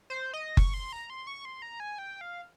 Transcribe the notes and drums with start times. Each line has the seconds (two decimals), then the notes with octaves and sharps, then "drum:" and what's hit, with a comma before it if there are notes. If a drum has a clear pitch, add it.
0.10 C5
0.33 D#5
0.57 C#6, drum: kick F#1
0.74 C6
0.93 A#5
1.10 C6
1.27 C#6
1.45 C6
1.62 A#5
1.80 G#5
1.98 G5
2.21 F5